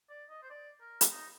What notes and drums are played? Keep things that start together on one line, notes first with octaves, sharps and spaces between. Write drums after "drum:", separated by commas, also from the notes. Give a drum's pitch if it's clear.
D5
D#5
C5
D5
A#4
drum: hi-hat
D#4